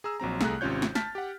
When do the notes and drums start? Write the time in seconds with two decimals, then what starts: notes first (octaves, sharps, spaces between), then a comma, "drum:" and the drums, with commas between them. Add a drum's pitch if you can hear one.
0.04 G#4 A#5 E6
0.20 A#1 F#3 C4 A#5
0.41 C2 A3 G#4 A#5 F#6, drum: snare
0.61 G#1 C3 C#4 F4 C#5 G6
0.82 drum: snare
0.95 A5 F6 A6 B6, drum: snare
1.15 G4 F#5